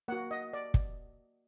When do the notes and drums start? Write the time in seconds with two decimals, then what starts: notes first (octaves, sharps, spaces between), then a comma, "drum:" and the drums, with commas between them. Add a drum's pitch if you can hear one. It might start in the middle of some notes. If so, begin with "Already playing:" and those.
0.08 A#3 F#4 F#5
0.31 D#5
0.53 D5
0.74 drum: kick